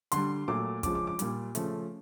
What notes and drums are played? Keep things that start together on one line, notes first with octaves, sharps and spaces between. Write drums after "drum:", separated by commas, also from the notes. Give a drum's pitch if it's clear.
D3 G3 C6, drum: hi-hat
A#2 F#3 A3 D6
C#3 F3 G#3 D6, drum: kick, hi-hat
D6
D6
A#2 G3, drum: hi-hat
C#3 F3 A3, drum: hi-hat